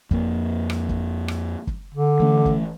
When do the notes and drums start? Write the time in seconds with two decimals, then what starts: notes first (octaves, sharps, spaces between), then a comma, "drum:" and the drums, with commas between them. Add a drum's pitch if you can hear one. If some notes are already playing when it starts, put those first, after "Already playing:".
0.11 F2 A#3, drum: kick
0.70 drum: rim click
0.89 drum: kick
1.28 drum: rim click
1.67 drum: kick
1.95 D3
2.20 E3 A3 C#4
2.46 drum: kick